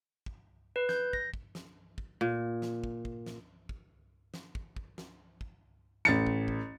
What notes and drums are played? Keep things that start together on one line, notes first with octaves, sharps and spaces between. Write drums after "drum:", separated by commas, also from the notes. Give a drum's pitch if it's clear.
drum: kick
B4
G6, drum: snare
A#6, drum: kick
drum: kick
drum: snare
drum: kick
A#2
drum: snare
drum: kick
drum: kick
drum: snare
drum: kick
drum: snare
drum: kick
drum: kick
drum: snare
drum: kick
A1 A6 C#7, drum: snare
drum: kick
drum: kick